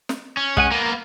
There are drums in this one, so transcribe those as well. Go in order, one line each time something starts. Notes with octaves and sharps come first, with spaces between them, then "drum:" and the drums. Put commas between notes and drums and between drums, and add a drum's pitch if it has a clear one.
drum: snare
C#4
G#3 F#5 G#5, drum: kick
A#3 B3 A#4